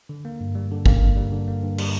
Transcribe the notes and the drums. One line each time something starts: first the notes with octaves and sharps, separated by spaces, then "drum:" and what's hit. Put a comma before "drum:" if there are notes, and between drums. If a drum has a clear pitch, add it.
D3
A#3
G2
G3
D3
A#3, drum: kick G1
G2
G3
D3
A#3
G2
G3, drum: cymbal